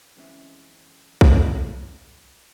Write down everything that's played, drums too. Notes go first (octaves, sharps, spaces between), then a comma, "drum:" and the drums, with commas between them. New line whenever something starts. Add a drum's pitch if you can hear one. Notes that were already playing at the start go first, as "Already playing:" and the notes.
F#2 E3 G#3 C4 C#4 E5
drum: kick A#1